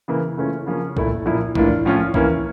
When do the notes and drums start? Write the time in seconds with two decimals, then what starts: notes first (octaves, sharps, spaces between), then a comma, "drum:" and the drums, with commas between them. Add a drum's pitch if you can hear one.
0.08 C#3 E3 A#3 E4
0.37 C#3 E3 A3 C#4 F4
0.66 C#3 F3 A#3 C#4
0.97 A#2 A3 E4, drum: kick C2
1.26 A#2 F3 A#3 E4
1.55 A2 E3 A#3 D4 F4, drum: kick C2
1.85 A2 F3 C#4 F4
2.14 E3 A#3 C#4 E4, drum: kick C2